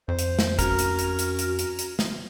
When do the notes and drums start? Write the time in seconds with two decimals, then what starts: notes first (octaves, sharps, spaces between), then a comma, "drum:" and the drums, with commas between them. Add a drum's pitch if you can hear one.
0.08 F2 C5
0.19 drum: hi-hat
0.39 drum: snare
0.59 C#4 F#4 A#4, drum: kick, hi-hat
0.79 drum: hi-hat
0.99 drum: hi-hat
1.19 drum: hi-hat
1.39 drum: hi-hat
1.59 drum: hi-hat
1.79 drum: hi-hat
1.99 drum: snare